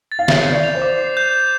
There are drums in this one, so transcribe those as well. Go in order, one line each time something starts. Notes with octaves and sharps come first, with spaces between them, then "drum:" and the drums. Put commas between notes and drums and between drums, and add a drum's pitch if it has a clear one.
A6
F5
E5 C7, drum: snare
G6
D5
D5 F7
C5
D6
C7
G6
F7